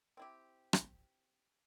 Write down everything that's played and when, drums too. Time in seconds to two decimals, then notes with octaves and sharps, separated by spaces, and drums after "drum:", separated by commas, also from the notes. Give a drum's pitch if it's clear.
0.17 C4 E4 G4
0.73 drum: rim click